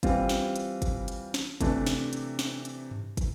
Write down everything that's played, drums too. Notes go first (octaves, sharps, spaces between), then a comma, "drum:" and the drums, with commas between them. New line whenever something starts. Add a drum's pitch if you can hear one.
E3 G3 C4 F4, drum: kick, hi-hat
drum: snare
drum: hi-hat
drum: kick, hi-hat
drum: hi-hat
drum: snare
C3 E3 A3 D4, drum: kick, hi-hat
drum: snare
drum: hi-hat
drum: snare
drum: hi-hat
drum: tom G2
drum: kick, hi-hat